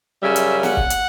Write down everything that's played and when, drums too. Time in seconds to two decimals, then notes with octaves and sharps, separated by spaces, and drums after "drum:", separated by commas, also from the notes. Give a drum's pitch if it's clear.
0.21 F#2 C#3 G3 E5
0.36 drum: hi-hat
0.63 F#5, drum: snare
0.77 drum: kick
0.90 drum: hi-hat